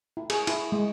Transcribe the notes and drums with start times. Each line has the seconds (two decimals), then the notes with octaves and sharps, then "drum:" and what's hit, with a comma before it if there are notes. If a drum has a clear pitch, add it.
0.17 E4
0.30 G#4, drum: cymbal
0.47 E4, drum: cymbal
0.72 G#3